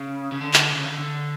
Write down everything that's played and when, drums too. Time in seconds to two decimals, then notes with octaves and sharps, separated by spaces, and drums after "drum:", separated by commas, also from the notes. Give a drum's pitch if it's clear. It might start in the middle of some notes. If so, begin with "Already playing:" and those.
Already playing: C#3
0.32 C#3
0.41 D3
0.54 drum: clap
0.70 C#3
0.85 D3
0.98 D3